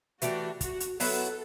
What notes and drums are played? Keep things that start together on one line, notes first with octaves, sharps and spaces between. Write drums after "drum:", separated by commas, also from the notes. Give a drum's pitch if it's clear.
E3 A3 D4 F#4 G4, drum: hi-hat
F#4, drum: kick, hi-hat
drum: hi-hat
F#3 B3 E4 A4 B4, drum: open hi-hat